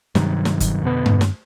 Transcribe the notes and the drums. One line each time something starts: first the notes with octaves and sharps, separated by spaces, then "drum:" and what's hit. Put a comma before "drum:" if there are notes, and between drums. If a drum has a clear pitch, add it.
G2 C3 D#3 F#3, drum: snare
drum: snare
drum: kick F#1, hi-hat
F2 B2 D3 B3
drum: tom G2
drum: snare